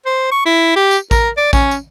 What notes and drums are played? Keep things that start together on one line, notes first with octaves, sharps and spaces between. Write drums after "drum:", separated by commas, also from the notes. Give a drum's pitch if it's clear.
C5
C#6
E4
G4
drum: tambourine
A#4, drum: kick A1, tambourine
D5
C#4, drum: kick A1, tambourine
drum: tambourine